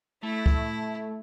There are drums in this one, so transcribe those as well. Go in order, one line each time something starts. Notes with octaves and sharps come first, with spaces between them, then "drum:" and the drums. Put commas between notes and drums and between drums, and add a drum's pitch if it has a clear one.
A3 E4
drum: kick